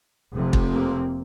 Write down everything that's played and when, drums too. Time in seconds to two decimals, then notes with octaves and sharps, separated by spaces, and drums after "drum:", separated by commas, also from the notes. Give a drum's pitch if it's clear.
0.33 F1 F2 C3
0.53 drum: kick
0.73 A#3 C4